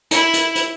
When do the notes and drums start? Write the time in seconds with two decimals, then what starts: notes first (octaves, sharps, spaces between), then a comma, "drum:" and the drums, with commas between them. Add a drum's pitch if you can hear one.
0.11 E4, drum: hi-hat
0.34 drum: hi-hat
0.56 drum: hi-hat